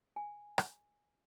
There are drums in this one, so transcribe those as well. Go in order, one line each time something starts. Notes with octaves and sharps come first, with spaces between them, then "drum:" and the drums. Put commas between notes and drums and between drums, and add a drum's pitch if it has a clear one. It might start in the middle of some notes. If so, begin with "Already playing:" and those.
G#5
drum: rim click